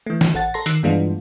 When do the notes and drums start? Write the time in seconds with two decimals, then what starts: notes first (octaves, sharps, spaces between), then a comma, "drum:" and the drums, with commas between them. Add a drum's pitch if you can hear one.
0.06 E3 A3
0.21 drum: snare
0.34 A1 A4 F#5 A6
0.54 A4 A#5 C6 A#6
0.66 D#3 E6 F#6 C7, drum: hi-hat
0.83 G2 E3 G#3 B3 D4 F4